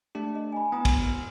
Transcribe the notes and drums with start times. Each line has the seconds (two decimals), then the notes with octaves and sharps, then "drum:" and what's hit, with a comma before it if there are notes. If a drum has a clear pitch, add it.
0.15 A3 D4 G4
0.35 D#5
0.52 G#5 B5
0.72 B3 E4 A#5 D#6
0.85 C6, drum: kick, cymbal